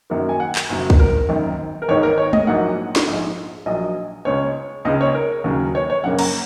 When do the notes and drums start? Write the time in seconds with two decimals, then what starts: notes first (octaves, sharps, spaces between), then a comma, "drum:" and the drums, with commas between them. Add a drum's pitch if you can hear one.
0.10 F#2 D#3 F#3 A#3
0.29 G#5
0.40 F#5
0.55 drum: clap
0.69 F#1 F#2 F#3
0.90 drum: kick
1.00 A#4
1.29 G#1 F#2 D#3
1.82 A#4
1.89 G#1 G#2 D#3 G#3 C#5
2.03 A#4
2.18 C#5
2.33 D#5, drum: tom
2.47 A#1 G#2 F#3 A#3 F#5
2.96 drum: snare
3.07 A#1 G#2 G#3
3.66 A#1 A#2 F#3 D#5
4.25 C#2 C#3 G#3 C#5
4.85 C#2 C#3 G#3 D#5
5.01 C#5
5.15 A#4
5.44 D#2 C#3 F#3
5.75 C#5
5.90 C#5
6.03 F#1 F#2 C#3 A#3 F#5
6.19 A#5, drum: cymbal